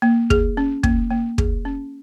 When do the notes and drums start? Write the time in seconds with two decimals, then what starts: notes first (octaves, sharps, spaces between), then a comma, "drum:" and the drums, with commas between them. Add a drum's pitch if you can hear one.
0.02 A#3
0.30 G#4, drum: kick
0.57 C#4
0.83 A#3, drum: kick
1.10 A#3
1.38 G#4, drum: kick
1.65 C#4